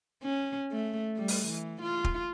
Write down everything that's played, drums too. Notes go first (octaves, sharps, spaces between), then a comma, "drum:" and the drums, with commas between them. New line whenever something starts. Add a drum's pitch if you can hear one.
C#4
A3
G3
drum: open hi-hat
E3
F4
drum: kick